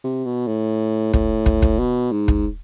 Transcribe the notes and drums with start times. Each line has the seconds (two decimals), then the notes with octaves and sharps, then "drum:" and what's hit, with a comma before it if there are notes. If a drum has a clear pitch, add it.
0.04 C3
0.25 B2
0.48 A2
1.13 A2, drum: kick
1.46 drum: kick
1.62 drum: kick
1.79 B2
2.12 G#2
2.28 drum: kick